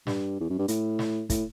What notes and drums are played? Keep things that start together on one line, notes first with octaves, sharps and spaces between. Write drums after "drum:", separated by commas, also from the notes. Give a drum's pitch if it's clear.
G2, drum: snare
E2
F#2
G2
A2, drum: hi-hat
drum: snare
A2, drum: kick, hi-hat